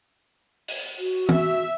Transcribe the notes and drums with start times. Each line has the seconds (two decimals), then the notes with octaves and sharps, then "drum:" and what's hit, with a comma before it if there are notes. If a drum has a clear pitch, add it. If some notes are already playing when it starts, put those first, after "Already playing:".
0.68 drum: open hi-hat
0.98 F#4
1.29 E5, drum: tom E3